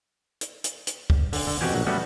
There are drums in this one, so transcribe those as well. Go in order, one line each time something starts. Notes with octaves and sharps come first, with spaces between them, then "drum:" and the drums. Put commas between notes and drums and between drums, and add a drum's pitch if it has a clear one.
drum: hi-hat
drum: hi-hat
drum: hi-hat
drum: kick
D3, drum: open hi-hat
D3
F2 B2 F#4 G4 G#5
A#1 F#3
G3 A3 B3 C#4 F#4